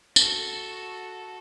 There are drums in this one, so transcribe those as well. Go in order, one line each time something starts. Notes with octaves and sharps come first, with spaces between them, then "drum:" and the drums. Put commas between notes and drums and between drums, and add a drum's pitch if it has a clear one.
F#4 A4, drum: tambourine